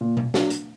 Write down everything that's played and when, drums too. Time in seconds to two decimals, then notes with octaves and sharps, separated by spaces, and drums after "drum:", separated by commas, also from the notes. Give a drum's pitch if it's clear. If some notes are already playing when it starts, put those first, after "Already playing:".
0.01 A#2
0.17 drum: tom B2
0.34 F#3 D4, drum: snare
0.50 drum: hi-hat